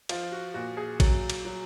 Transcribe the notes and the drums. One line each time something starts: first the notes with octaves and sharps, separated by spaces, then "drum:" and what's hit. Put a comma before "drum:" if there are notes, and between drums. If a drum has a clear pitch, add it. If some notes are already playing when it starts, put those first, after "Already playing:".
F3 F4, drum: cymbal
F#4
A#2 F#4
G#4
F#3, drum: kick A1, cymbal
drum: cymbal
F#3